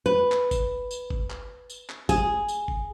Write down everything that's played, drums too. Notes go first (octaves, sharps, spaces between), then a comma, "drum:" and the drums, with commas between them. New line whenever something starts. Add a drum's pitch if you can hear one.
B4
drum: clap
drum: kick G1, tambourine
drum: tambourine
drum: kick G1
drum: clap
drum: tambourine
drum: clap
G#4, drum: kick G1, tambourine
drum: tambourine
drum: kick G1